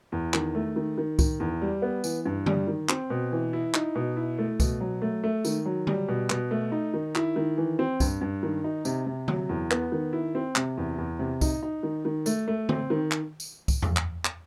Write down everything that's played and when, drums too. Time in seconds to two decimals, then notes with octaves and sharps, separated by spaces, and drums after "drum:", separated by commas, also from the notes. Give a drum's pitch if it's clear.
0.12 E2
0.34 D#3, drum: clap
0.55 A3
0.76 D#3
0.98 D#3
1.19 D#3, drum: kick C2, tambourine
1.40 E2
1.62 G3
1.82 B3
2.04 E3, drum: tambourine
2.25 G2
2.46 G3, drum: tom D3
2.67 D#3
2.89 C4, drum: clap
3.10 B2
3.32 E3
3.53 E4
3.74 D#4, drum: clap
3.95 B2
4.17 E4
4.38 A3
4.60 B2, drum: kick C2, tambourine
4.81 F#3
5.02 A3
5.24 A3
5.45 D#3, drum: tambourine
5.65 F#3
5.87 G3, drum: tom D3
6.08 B2
6.30 B2, drum: clap
6.51 A3
6.72 D#4
6.94 D#3
7.15 E4, drum: clap
7.36 D#3
7.58 E3
7.79 C4
8.00 G2, drum: kick C2, tambourine
8.21 G2
8.43 D#3
8.64 D#4
8.85 C3, drum: tambourine
9.06 C3
9.28 F#3, drum: tom D3
9.49 E2
9.71 B3, drum: clap
9.92 D#3
10.13 E4
10.35 C4
10.56 C3, drum: clap
10.77 E2
10.98 E2
11.19 C3
11.41 D#4, drum: kick C2, tambourine
11.63 D#4
11.83 D#3
12.05 D#3
12.26 A3, drum: tambourine
12.48 A3
12.69 C4, drum: tom D3
12.90 D#3
13.11 drum: clap
13.40 drum: tambourine
13.68 drum: kick C2, tambourine
13.82 drum: tom E2
13.97 drum: clap
14.25 drum: clap